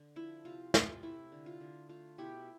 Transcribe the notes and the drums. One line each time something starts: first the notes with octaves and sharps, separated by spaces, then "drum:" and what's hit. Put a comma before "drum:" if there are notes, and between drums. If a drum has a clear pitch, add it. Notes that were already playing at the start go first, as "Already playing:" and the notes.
Already playing: D3
F3 E4
C3 F4
C3 F4, drum: snare
A3 E4
D3
F4
D3
A3 F4
B2 E4 G4